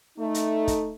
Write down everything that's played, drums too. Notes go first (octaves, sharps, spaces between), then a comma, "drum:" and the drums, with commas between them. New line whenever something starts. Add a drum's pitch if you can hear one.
A3 D#4
drum: hi-hat
drum: kick, hi-hat